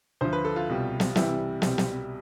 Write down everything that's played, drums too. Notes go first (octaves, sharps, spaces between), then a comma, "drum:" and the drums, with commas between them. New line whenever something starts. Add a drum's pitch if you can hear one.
D2 D3 F3 C5
B4
A4
F4
C2 B2 G3
drum: snare
C2 C3 E3 G3 E4, drum: snare
C2 B2 G3, drum: snare
drum: snare